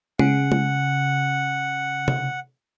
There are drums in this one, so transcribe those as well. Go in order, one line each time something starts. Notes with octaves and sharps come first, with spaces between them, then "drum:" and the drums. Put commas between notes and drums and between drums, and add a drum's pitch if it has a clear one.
C#3 F#5, drum: tom G#3
drum: tom G#3
drum: tom C3